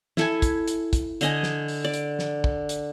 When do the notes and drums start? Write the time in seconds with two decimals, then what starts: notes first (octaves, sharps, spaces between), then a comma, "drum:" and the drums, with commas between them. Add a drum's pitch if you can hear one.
0.17 E4 A4 G#5, drum: snare
0.42 drum: kick, hi-hat
0.68 drum: hi-hat
0.93 drum: kick, hi-hat
1.21 D3 D#5 G#5, drum: hi-hat
1.43 drum: snare
1.68 drum: open hi-hat
1.85 D5
1.94 drum: hi-hat
2.19 drum: snare
2.44 drum: kick
2.69 drum: hi-hat